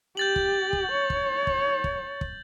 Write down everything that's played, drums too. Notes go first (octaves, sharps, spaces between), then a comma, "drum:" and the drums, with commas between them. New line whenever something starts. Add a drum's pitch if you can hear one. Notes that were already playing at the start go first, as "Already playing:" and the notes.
G4 G6 A6 F#7
drum: kick
drum: kick
C#5
drum: kick
drum: kick
drum: kick
drum: kick